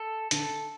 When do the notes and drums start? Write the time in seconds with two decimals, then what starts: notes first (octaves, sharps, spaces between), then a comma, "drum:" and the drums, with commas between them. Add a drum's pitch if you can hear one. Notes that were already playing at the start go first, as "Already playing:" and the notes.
Already playing: A4
0.31 D3 A4, drum: hi-hat